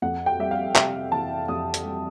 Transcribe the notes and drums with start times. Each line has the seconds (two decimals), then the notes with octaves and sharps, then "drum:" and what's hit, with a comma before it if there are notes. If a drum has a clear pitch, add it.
0.02 F2 F#5
0.26 G5
0.39 G3 E5
0.51 F5
0.75 C3 E5, drum: clap
1.12 E3 A5
1.48 F2 D#6
1.74 drum: hi-hat
1.85 G3